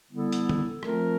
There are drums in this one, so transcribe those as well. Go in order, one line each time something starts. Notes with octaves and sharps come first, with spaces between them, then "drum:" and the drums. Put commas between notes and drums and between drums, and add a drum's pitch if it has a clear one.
D3 G3 B3 E4 A4
drum: hi-hat
drum: tom
F3 A3 C4 F4 A#4, drum: rim click